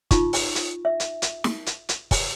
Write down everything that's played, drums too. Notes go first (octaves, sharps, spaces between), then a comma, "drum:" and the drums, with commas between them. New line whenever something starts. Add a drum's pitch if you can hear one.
D#4 F4 C#6, drum: kick, hi-hat
drum: open hi-hat
drum: hi-hat
E5
drum: hi-hat
drum: hi-hat
drum: snare
drum: hi-hat
drum: hi-hat
drum: kick, open hi-hat